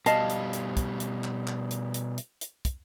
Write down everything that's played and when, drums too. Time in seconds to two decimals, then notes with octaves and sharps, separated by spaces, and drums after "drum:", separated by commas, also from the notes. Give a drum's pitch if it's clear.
0.06 B2 G3 D#5 F5 A5, drum: hi-hat
0.30 drum: hi-hat
0.53 drum: hi-hat
0.77 drum: kick, hi-hat
1.00 drum: hi-hat
1.24 drum: clap
1.47 drum: clap
1.71 drum: hi-hat
1.94 drum: hi-hat
2.18 drum: hi-hat
2.41 drum: hi-hat
2.65 drum: kick, hi-hat